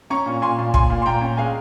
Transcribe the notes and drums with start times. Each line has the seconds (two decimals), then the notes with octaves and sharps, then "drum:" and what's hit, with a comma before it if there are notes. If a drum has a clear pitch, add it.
0.10 C#4 A#5 C#6
0.26 A#2
0.42 A#2 G#5 C6
0.58 A#2
0.74 A#2 G#5 C6, drum: kick
0.90 A#2
1.02 C6
1.06 A#2 G5 A#5
1.21 C#4
1.37 G#3 F5 G#5